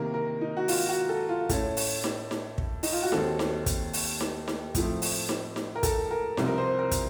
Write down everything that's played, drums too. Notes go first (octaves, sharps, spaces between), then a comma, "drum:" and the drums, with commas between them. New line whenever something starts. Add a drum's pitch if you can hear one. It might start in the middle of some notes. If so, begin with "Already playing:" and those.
Already playing: C3 D#3 A#3 A#4
A#4
D#4
F#4
F4, drum: open hi-hat
F#4
A4
F4
A2 A3 C#4 A4, drum: kick, hi-hat
drum: open hi-hat
drum: snare D#4
drum: snare D#4
drum: kick
D#4, drum: open hi-hat
F4
F#4
D#2 D#3 F#3 C4 A4, drum: snare D#4
drum: snare D#4
drum: kick, hi-hat
drum: open hi-hat
drum: snare D#4
drum: snare D#4
A2 F3 A3 C4, drum: kick, hi-hat
drum: open hi-hat
drum: snare D#4
drum: snare D#4
A#4
A4, drum: kick, hi-hat
A#4
C2 C3 F3 C4, drum: snare D#4
A#4
C5
A#4
drum: kick, hi-hat